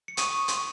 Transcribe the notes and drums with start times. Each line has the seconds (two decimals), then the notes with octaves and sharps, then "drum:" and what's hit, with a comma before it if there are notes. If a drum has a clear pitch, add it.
0.08 C#7
0.17 C#6 D#6 D#7, drum: hi-hat
0.33 C#6
0.48 C6, drum: hi-hat
0.56 C#6